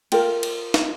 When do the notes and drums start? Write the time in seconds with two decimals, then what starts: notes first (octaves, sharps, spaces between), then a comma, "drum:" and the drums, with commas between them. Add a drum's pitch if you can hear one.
0.12 F4 A#4 G5, drum: cymbal
0.43 drum: cymbal
0.74 drum: snare